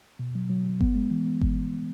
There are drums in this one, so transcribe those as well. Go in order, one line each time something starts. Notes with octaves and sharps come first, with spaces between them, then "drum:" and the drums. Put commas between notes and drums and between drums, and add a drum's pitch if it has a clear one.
B2
F#3
F#3
F#3
B3, drum: kick G1
G#3
E3
B3
drum: kick G1